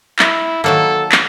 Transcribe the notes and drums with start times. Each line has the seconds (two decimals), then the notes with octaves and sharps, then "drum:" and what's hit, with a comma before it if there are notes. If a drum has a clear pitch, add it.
0.19 E4, drum: clap
0.64 D#3 F#3 A#3 A4
1.12 drum: clap